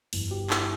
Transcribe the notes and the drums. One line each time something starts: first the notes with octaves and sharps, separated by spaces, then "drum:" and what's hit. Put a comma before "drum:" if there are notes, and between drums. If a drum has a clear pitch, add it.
G1 G2 E3, drum: open hi-hat
G4
E4, drum: clap